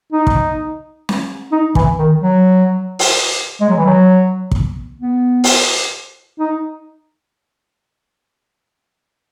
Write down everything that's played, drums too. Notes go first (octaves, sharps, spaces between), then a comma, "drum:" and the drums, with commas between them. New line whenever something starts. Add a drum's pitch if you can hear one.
D#4
drum: kick
drum: snare
D#4
E3, drum: kick
D#3
F#3
drum: open hi-hat
G#3
F#3
E3
F#3
drum: kick
B3
drum: open hi-hat
D#4